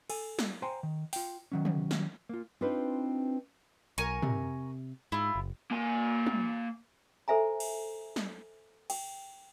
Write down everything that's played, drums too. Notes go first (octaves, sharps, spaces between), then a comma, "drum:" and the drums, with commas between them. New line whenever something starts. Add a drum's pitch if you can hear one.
A4 G#5, drum: cymbal
drum: snare
C5 G5 G#5 A#5 C6
D#3
F4 G5, drum: open hi-hat
D#3 F#3 C#4
drum: tom
drum: snare
A#3 F4
C4 D4 D#4 F4 B4
B1 A#4 G#5 C#6, drum: hi-hat
C3, drum: tom
G#2 E4 F4
F#1
A#3 G#5
drum: tom
A4 C5 E5 G#5 A#5
drum: cymbal
drum: snare
G5, drum: cymbal